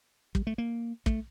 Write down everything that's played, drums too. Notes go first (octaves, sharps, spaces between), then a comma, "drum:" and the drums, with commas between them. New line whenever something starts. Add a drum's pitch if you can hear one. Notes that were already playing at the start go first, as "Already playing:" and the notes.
G3, drum: kick
A3
A#3
A3, drum: kick